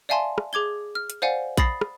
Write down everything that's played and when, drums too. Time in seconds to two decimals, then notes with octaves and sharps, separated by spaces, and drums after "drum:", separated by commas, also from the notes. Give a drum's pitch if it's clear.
0.09 D5 E5 F5 G#5 A5 C6
0.38 drum: rim click
0.53 G#4 D6 G#6 G7
0.95 F6
1.10 drum: hi-hat
1.22 C5 D5 F5 F#5 G#5
1.57 B5 D#6 A6 A#6 C7, drum: kick A#1, hi-hat
1.81 drum: rim click